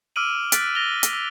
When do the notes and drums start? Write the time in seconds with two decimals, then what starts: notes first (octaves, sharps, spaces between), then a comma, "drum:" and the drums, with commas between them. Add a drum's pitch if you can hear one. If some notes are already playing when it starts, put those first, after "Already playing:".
0.16 D6 E6 F6 D7 D#7 F#7
0.52 F6 F#6 A6 B6 D7, drum: hi-hat
0.75 A6 A#6 F7 G7
1.03 drum: hi-hat
1.13 E6